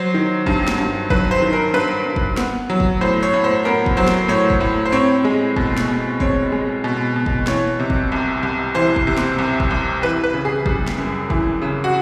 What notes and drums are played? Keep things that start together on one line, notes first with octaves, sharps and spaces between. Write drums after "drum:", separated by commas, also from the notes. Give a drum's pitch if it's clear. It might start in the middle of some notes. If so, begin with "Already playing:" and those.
Already playing: F#3 C5
D#3
G2, drum: kick
drum: snare
G2
F#3 B4, drum: kick
C5
D#3
A#4
G2 B4
G2
drum: kick
B3, drum: snare
F#3
drum: kick
A2 C5
C#5
A2
C5
B3 A#4
drum: kick
F#3 C5
drum: snare
A2 C#5
drum: kick
A2
C5
C4 C#5
G#3
B2, drum: kick
drum: snare
B2
C4 C#5, drum: kick
G#3
B2
B2
drum: kick
E3 C#5, drum: snare
C3
drum: kick
C2
C2
E3 C5
drum: kick
C3
drum: snare
C2
drum: kick
C2
E3 B4
B4
C#3
G#4
G3, drum: kick
drum: snare
F#2
E3, drum: kick
C#3
F#4